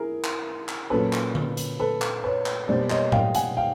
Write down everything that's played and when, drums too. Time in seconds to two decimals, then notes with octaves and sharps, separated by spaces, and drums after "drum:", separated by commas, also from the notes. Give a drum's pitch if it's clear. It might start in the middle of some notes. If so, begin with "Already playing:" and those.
Already playing: E4 G#4 A#4
0.24 drum: clap
0.69 drum: clap
0.90 A#2 F#3 A#3 C#4 A4 B4
1.13 drum: clap
1.35 drum: tom D3
1.57 drum: hi-hat
1.79 A4 B4
2.02 drum: clap
2.24 B4 C#5
2.46 drum: clap
2.68 B2 G3 A#3 C5 D5
2.90 C#5 D#5, drum: clap
3.12 F5 G5, drum: tom A2
3.35 F#5 G#5, drum: hi-hat
3.57 F5 G5